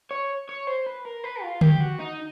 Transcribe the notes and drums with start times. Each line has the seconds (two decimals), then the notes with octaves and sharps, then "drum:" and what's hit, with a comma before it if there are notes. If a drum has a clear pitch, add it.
0.11 C#5
0.49 C#5
0.67 C5
0.86 B4
1.05 A#4
1.24 B4
1.42 F4
1.61 G4, drum: tom D3
1.80 F#4
1.99 D#4